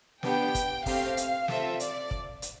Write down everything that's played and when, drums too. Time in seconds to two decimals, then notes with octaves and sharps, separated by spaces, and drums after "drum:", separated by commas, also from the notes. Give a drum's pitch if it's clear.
0.23 B3 D4 G4 G5, drum: snare
0.55 drum: kick, hi-hat
0.86 A3 C4 G4 F5, drum: kick, open hi-hat
1.17 drum: hi-hat
1.48 C4 F4 A4 E5, drum: snare
1.80 D5, drum: hi-hat
2.11 drum: kick
2.42 drum: hi-hat